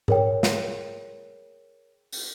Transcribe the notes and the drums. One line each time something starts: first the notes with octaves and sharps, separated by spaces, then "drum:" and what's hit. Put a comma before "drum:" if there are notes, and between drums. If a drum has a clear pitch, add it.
G#4 A#4 C#5 G5, drum: tom G#2
drum: snare
drum: open hi-hat